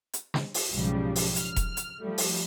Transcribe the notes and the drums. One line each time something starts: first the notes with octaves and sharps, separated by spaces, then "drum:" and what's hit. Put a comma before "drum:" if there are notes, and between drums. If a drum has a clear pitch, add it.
drum: hi-hat
drum: snare
drum: open hi-hat
B1 G#2 C#3 F3 G3
drum: open hi-hat
F6, drum: hi-hat
drum: kick E1, hi-hat
drum: hi-hat
F3 G3 A3
drum: open hi-hat